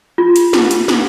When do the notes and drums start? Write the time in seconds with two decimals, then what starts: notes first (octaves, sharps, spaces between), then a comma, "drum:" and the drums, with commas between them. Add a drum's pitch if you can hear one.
0.18 F4
0.36 drum: hi-hat
0.53 drum: snare
0.71 drum: hi-hat
0.88 drum: snare